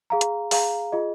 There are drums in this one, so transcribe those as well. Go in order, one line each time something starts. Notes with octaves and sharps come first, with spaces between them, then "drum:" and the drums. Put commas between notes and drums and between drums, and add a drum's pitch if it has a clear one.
G#4 F5 A#5
drum: hi-hat
G#4 F5 A#5, drum: open hi-hat
F4 G#4 D#5